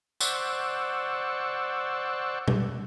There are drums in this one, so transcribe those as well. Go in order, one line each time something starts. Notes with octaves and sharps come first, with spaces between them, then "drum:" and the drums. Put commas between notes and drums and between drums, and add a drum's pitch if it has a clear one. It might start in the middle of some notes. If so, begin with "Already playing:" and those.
C5 D5 F#5 C#6 E6, drum: tambourine
drum: tom